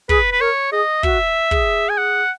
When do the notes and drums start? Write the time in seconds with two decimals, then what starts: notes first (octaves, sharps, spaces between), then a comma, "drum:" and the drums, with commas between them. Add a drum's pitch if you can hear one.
0.09 G#4 B4, drum: kick
0.32 B4
0.40 A#4 C#5
0.72 G#4 D#5
1.03 F#4 E5, drum: kick
1.51 G#4, drum: kick
1.89 G#5
1.98 F#5